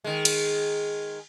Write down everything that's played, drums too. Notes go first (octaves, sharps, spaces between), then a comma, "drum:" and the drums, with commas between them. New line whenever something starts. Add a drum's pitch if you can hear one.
D#3 G#3
drum: cymbal